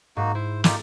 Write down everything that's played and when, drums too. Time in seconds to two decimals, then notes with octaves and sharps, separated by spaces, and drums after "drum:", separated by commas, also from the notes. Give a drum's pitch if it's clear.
0.17 G#2 A#3 D#4 F#4
0.35 E4 C5
0.64 D#4 F4 G4 A4, drum: snare